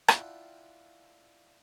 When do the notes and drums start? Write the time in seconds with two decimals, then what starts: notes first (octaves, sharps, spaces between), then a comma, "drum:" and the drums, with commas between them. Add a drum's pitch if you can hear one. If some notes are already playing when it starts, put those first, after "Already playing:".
0.08 D4 E4 F4 F#5 G5, drum: rim click